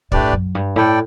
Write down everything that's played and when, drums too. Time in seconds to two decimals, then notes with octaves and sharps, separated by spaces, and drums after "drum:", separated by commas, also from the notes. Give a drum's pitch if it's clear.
0.12 A2 A3 D4 G4 B4 D5, drum: kick
0.33 F#2
0.55 G2
0.76 A2 E4 A4 D5 G5